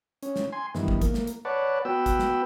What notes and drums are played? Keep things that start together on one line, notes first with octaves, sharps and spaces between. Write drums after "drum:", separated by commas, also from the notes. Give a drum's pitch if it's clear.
C#4, drum: hi-hat
drum: snare
G#5 C6
G2 D#3 E3 B3, drum: snare
drum: kick
A#3, drum: kick, hi-hat
drum: snare
drum: hi-hat
B4 C#5 D5 F#5 A5
B3 F#4 B4 G5 E6
drum: kick, hi-hat
drum: snare